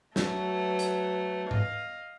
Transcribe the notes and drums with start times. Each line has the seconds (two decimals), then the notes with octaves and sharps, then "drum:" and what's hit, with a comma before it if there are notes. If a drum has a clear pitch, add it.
0.16 F#3 A3 B4, drum: snare
0.79 drum: hi-hat
1.51 D#5 F5, drum: tom G#2